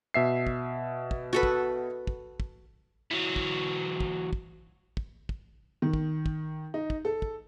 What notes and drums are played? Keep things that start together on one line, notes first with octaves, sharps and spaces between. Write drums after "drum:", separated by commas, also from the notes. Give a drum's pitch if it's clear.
B2 E5 C7
drum: kick
drum: kick
F#4 A4 B4
drum: kick
drum: kick
drum: kick
E3 F#3
drum: kick
drum: kick
drum: kick
drum: kick
drum: kick
D#3
drum: kick
drum: kick
D#4
drum: kick
A4
drum: kick